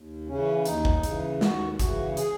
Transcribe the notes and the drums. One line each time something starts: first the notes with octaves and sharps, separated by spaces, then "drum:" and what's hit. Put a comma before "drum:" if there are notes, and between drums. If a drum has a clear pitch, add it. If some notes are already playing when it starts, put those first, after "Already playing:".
Already playing: D#2
C#3 E3 C#4
D#2 D#4, drum: hi-hat
drum: kick G#1
C#3 E3, drum: hi-hat
D#2 F#4, drum: snare
C#3 E3 F#4, drum: kick G#1, hi-hat
G#4, drum: hi-hat